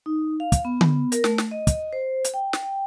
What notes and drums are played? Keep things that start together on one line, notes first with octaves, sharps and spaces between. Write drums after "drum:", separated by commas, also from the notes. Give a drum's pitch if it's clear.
D#4
F5
drum: kick, hi-hat
B3
drum: tom D3
A#4, drum: hi-hat
A3, drum: snare
drum: snare
D#5
drum: kick, hi-hat
C5
drum: hi-hat
G5
drum: snare
G5